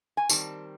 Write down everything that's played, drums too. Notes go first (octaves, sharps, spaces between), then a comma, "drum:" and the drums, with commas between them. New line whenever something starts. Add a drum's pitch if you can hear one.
G#5
D#3 G3 C4 A5, drum: tambourine